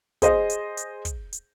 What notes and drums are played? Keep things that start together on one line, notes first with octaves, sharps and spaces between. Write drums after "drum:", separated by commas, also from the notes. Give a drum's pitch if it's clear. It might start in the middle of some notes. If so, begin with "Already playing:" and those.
G#4 C5 D#5, drum: kick, hi-hat
drum: hi-hat
drum: hi-hat
drum: kick, hi-hat
drum: hi-hat